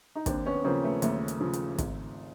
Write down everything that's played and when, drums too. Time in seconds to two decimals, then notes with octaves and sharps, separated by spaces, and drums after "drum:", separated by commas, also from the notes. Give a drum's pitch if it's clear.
0.15 D#4
0.26 D#2 C4 D4, drum: kick, hi-hat
0.46 B3 C#4
0.64 C#3 F3 A#3 C4
0.84 A3 B3
1.02 D#2 A3, drum: hi-hat
1.28 drum: hi-hat
1.40 C#3 F3
1.53 drum: hi-hat
1.78 G#1, drum: kick, hi-hat